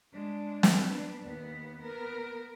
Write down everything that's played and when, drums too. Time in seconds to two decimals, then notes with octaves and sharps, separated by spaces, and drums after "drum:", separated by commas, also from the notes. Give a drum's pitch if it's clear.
0.13 G#3 D4
0.63 drum: snare
0.85 B3 D4
1.23 D#2 B3
1.82 B3 A#4